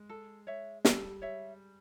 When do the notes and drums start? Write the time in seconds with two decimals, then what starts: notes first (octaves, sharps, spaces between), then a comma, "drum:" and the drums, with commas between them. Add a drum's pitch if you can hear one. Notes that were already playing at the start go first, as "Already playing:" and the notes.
Already playing: G#3
0.09 A4
0.47 C#5 E5
0.85 G3 A4, drum: snare
1.22 C#5 E5